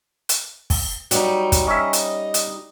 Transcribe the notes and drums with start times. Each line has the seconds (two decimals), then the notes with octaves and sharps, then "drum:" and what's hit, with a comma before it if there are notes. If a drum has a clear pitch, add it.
0.29 drum: hi-hat
0.70 drum: kick, open hi-hat
1.11 F#3 G3 D#4, drum: hi-hat
1.52 drum: kick, hi-hat
1.67 C#4 D#5 E5
1.93 drum: hi-hat
2.34 drum: hi-hat